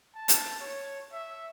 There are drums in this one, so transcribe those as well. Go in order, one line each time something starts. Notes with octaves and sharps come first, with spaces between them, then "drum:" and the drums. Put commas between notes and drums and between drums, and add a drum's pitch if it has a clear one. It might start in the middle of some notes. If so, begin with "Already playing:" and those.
A5
drum: hi-hat
C#5
E5